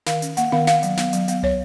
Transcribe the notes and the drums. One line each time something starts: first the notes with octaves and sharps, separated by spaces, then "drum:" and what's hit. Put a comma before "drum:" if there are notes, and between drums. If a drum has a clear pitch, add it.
D#3 F5, drum: snare
C#4, drum: hi-hat
A#3 F#5, drum: hi-hat
D#3 F5, drum: tom B3
B3 F5, drum: snare
F#3, drum: hi-hat
B3, drum: snare
F#3, drum: hi-hat
B3 F5, drum: hi-hat
B3 C#5, drum: tom